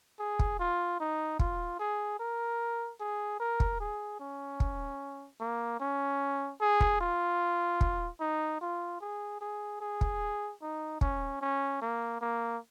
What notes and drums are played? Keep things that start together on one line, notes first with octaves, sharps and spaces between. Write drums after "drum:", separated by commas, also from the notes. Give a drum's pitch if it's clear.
G#4
drum: kick
F4
D#4
F4, drum: kick
G#4
A#4
G#4
A#4
drum: kick
G#4
C#4
drum: kick
A#3
C#4
G#4
drum: kick
F4
drum: kick
D#4
F4
G#4
G#4
G#4
drum: kick
D#4
C#4, drum: kick
C#4
A#3
A#3